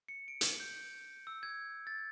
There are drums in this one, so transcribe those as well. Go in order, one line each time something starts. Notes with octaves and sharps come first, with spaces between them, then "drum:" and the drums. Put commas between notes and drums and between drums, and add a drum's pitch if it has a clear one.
C#7
D7
drum: hi-hat
G6
E6
G#6
A6